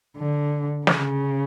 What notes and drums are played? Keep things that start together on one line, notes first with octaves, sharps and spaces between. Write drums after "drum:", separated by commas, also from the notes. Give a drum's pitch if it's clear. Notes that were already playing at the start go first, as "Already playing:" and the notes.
D3
C#3, drum: snare